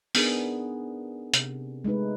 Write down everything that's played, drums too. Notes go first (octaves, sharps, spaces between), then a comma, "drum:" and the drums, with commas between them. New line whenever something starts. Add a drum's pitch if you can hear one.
B3 D4 D#4 G#4 A#4, drum: open hi-hat
C3, drum: hi-hat
G#3 A3 D#4 B4